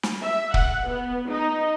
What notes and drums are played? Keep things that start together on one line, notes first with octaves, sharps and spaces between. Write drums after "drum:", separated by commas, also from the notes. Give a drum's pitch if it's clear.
drum: snare
E5
F#5, drum: kick
B3
D#4